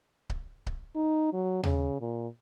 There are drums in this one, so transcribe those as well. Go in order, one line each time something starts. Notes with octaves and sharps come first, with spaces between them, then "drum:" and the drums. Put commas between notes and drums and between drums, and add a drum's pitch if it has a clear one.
drum: kick C#1
drum: kick C#1
D#4
F#3
C#3, drum: tom D#2
A#2